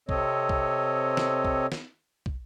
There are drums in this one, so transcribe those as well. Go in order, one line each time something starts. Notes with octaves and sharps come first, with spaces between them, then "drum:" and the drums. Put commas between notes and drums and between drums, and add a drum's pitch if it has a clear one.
C3 C4 A4 C#5 D#5, drum: kick
drum: kick
drum: snare
drum: kick
drum: snare
drum: kick